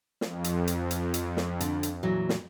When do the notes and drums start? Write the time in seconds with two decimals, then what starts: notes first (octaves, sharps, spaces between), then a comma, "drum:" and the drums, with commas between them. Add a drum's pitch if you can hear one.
0.21 F2, drum: snare
0.44 drum: hi-hat
0.67 drum: hi-hat
0.91 drum: hi-hat
1.14 drum: hi-hat
1.37 drum: snare
1.60 D3, drum: hi-hat
1.83 drum: hi-hat
2.03 A#2 E3 F#3
2.29 drum: snare